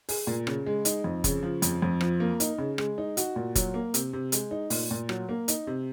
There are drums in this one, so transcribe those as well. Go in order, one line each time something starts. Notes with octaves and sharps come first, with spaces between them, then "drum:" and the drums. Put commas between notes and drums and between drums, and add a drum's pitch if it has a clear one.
G#4, drum: open hi-hat
A#2
C#3, drum: rim click
G#3
D#4, drum: hi-hat
F2
C#3, drum: kick F1, hi-hat
F3
F2, drum: hi-hat
F2
F3, drum: rim click
A#3
D#4, drum: hi-hat
C#3
G#3, drum: rim click
D#4
F#4, drum: hi-hat
A#2
F#3, drum: kick F1, hi-hat
A#3
C3, drum: hi-hat
C3
G#3, drum: hi-hat
D#4
A#2, drum: open hi-hat
A#2
F#3, drum: rim click
A#3
D#4, drum: hi-hat
C3